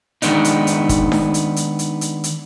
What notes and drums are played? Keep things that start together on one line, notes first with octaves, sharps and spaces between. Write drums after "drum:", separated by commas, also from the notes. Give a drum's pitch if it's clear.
D#3 G#3 B3 D4 D#4, drum: hi-hat
drum: hi-hat
drum: hi-hat
drum: kick, hi-hat
drum: snare D4
drum: hi-hat
drum: hi-hat
drum: hi-hat
drum: hi-hat
drum: hi-hat